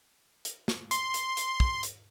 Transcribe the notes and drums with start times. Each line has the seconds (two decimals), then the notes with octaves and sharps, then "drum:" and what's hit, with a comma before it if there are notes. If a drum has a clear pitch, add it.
0.45 drum: hi-hat
0.68 drum: snare
0.91 C6, drum: hi-hat
1.14 drum: hi-hat
1.37 drum: hi-hat
1.60 drum: kick
1.83 drum: hi-hat